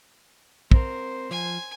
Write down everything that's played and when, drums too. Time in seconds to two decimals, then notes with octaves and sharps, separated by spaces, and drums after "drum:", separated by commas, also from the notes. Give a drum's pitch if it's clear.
0.71 C4 A#4 C5, drum: kick
1.31 F3 G#5